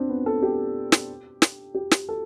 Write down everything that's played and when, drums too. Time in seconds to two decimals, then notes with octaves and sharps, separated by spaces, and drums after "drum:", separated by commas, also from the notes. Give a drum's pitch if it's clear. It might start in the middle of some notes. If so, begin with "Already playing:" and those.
Already playing: C4 D4
0.09 B3
0.26 A4
0.43 G4
0.92 drum: snare
1.42 drum: snare
1.75 G4
1.91 drum: snare
2.09 A4